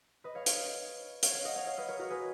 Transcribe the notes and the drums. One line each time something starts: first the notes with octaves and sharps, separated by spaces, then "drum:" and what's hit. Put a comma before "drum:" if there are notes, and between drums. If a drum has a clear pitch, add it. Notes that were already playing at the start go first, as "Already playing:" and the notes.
B4 D#5
C#5 F5
C#5 F5, drum: hi-hat
C#5 F5, drum: hi-hat
C#5 F5
D#5 F#5
C#5 F5
C#5 F5
B4 D#5
A#4 C#5
F#4 A#4
G#4 B4